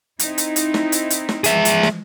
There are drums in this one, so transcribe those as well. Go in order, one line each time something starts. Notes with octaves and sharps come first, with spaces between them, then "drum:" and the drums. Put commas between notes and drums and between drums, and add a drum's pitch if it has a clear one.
C4 D#4 E4, drum: hi-hat
drum: hi-hat
drum: hi-hat
drum: snare
drum: hi-hat
drum: hi-hat
drum: snare
E3 F3 G#3 G#4 E5, drum: hi-hat
drum: hi-hat
drum: snare